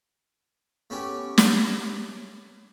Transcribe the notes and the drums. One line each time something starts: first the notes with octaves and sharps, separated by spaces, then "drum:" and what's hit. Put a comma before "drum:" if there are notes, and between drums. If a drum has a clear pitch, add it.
A3 B3 C#4 G4
drum: snare